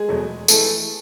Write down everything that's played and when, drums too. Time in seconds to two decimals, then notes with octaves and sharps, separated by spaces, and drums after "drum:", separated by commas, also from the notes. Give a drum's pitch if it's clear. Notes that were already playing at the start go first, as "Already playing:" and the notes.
Already playing: G#3 G#4
0.08 E2 B2 F#3 A3
0.48 E3 G#3 A3 A4, drum: tambourine